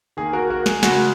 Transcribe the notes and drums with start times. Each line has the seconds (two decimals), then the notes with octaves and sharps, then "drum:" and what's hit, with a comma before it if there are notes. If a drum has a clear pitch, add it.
0.17 D#3 A#3 G#4
0.33 F#4 A#4
0.50 F#4 A#4
0.66 G#4, drum: snare
0.83 C#3 G#3 F#4, drum: snare